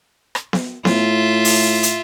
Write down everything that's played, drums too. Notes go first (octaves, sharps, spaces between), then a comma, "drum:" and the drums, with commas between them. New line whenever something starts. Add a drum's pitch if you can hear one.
drum: rim click
drum: snare B3
A2 F4 E5, drum: snare B3
drum: open hi-hat
drum: hi-hat